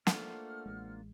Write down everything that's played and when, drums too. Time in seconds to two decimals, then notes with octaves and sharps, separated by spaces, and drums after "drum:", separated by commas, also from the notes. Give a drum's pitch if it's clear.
0.07 A3 A#3 D4 F4 C5 F#5 F6, drum: snare
0.66 A1 G#3